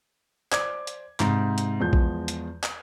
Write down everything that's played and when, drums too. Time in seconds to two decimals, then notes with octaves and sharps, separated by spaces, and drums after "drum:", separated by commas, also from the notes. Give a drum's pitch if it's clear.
0.52 C5 D5 D6 G#6, drum: clap
0.87 drum: hi-hat
1.20 G#2 C3, drum: clap
1.58 drum: hi-hat
1.80 E2 F3 G#3 G6
1.93 drum: kick A#1
2.28 drum: hi-hat
2.63 drum: clap